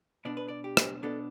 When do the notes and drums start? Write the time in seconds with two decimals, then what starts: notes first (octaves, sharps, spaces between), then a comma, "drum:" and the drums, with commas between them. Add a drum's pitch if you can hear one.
0.25 B2 B3 D4 D5
0.37 B4
0.48 D5
0.64 G4
0.77 drum: rim click
1.03 B2 B3 D4 A4